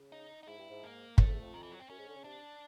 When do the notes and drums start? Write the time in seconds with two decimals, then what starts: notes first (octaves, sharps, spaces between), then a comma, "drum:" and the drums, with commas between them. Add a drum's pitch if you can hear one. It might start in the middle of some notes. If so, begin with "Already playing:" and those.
Already playing: C#3
0.12 D#4
0.43 D#4
0.47 G#2 E4
0.58 G2
0.70 G#2
0.84 A#3
1.18 F#2 A3, drum: kick
1.26 F2
1.33 E2
1.40 F2
1.54 D#3
1.63 E3
1.71 F#3
1.80 C4
1.90 F#2 C#4
1.98 G#2
2.07 D3
2.16 C#3
2.24 C3 D4